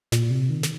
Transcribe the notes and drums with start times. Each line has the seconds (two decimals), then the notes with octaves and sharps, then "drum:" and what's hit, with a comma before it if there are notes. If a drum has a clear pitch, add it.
0.12 A#2, drum: snare
0.31 C3
0.50 D#3
0.63 drum: snare